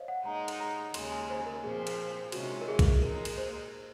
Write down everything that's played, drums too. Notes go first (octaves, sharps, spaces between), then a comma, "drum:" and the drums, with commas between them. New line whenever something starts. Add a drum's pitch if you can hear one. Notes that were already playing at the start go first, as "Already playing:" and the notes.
Already playing: C5 C#5 D#5 F5
F#5
A#2 G#3 D#4 A#5
drum: cymbal
A#5
D#2 C#3 G#3 C6, drum: cymbal
G#5
C5
A#4
A#2 F3 C4 G#4
drum: cymbal
C3 D#3 G#3 C#4 F4 F#4, drum: cymbal
A#4
G#4
drum: kick B1, cymbal
A#2 G#3 D#4 A#4
drum: cymbal
C5